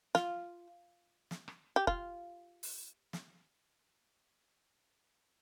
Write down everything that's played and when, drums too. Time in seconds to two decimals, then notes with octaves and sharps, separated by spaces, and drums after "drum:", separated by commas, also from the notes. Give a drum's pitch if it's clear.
0.15 F4, drum: snare
1.31 drum: snare
1.48 drum: rim click
1.76 G4
1.87 F4, drum: kick
2.63 drum: open hi-hat
3.13 drum: snare